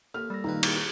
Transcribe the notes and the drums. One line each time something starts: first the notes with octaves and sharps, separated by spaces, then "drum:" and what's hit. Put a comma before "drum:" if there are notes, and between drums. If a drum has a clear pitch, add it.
D#2 A4 F6
G3 E6 A#6
G2 A#2 D#3 B4 A#5
E4 G4 G#4, drum: cymbal